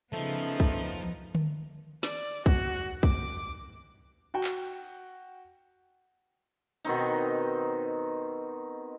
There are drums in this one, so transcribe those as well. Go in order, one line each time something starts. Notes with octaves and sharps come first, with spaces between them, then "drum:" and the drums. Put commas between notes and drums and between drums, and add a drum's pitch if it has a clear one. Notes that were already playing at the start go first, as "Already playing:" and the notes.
C#3 F3 A3 B3 D#4
drum: kick
drum: tom D3
D5, drum: snare
F#4, drum: kick
D6, drum: kick
F#4 G5
drum: clap
B2 D#3 C4 D#4, drum: tambourine